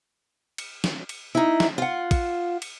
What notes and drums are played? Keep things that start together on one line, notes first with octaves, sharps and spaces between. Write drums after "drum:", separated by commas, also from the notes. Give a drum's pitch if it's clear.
drum: cymbal
drum: snare
drum: cymbal
D#4 E4
drum: snare
F4 F#5
drum: kick, cymbal
drum: cymbal